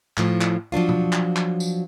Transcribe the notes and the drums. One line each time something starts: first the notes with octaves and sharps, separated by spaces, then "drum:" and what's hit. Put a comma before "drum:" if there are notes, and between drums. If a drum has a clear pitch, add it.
A2 F3, drum: clap
drum: clap
F3 F#3 D4 F4
drum: tom B2
drum: clap
drum: clap
drum: tambourine